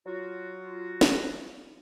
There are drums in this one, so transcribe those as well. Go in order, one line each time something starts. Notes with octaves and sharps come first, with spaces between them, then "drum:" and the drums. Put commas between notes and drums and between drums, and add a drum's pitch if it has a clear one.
F#3 F4 F#4
drum: snare